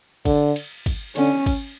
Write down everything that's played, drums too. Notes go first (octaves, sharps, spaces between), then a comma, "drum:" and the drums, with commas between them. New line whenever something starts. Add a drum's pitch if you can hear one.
D3, drum: kick, cymbal
drum: cymbal
drum: kick, cymbal
D3 C#4, drum: cymbal
drum: kick, cymbal